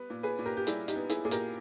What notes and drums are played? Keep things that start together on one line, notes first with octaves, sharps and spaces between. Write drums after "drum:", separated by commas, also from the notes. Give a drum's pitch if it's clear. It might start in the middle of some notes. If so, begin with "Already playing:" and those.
Already playing: G3 B3 B4
A#2
G#4 B4
A#2
G4 A#4
G4
G3 E4 G#4, drum: hi-hat
D#4 G4, drum: hi-hat
B3
E4 G#4, drum: hi-hat
A#2 G#4
G4 A#4, drum: hi-hat